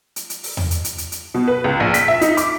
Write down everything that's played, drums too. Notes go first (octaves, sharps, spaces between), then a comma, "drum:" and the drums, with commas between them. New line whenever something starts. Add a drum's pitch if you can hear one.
drum: hi-hat
drum: hi-hat
drum: open hi-hat
drum: tom E2
drum: hi-hat
drum: hi-hat
drum: hi-hat
drum: hi-hat
B2
B4
C#2
A#1
B6, drum: hi-hat
E5
D#4, drum: hi-hat
D6, drum: hi-hat